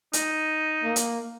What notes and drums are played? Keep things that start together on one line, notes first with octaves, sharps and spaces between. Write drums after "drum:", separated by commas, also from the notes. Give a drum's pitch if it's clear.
D#4, drum: hi-hat
A#3
drum: hi-hat